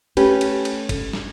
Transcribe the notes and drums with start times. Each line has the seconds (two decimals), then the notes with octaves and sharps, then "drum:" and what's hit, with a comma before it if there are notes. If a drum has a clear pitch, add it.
0.17 A3 C#4 G4 B4, drum: cymbal
0.41 drum: cymbal
0.65 drum: cymbal
0.89 drum: kick, cymbal
1.13 drum: snare